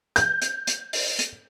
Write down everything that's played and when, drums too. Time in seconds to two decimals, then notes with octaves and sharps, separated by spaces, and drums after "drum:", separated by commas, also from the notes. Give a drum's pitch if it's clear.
0.16 G6, drum: hi-hat
0.42 drum: hi-hat
0.67 drum: hi-hat
0.93 drum: open hi-hat
1.19 drum: hi-hat